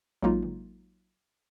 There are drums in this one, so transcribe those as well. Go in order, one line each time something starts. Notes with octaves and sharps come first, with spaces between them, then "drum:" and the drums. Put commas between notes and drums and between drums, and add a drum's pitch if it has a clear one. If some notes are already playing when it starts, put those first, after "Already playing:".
F#3 G#3 A#3 D#4 F4, drum: kick A1
drum: tom